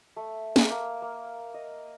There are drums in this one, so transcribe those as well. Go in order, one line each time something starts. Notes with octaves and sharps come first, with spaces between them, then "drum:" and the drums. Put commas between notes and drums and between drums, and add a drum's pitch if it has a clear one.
A3
drum: snare
A#3
A#3
D#5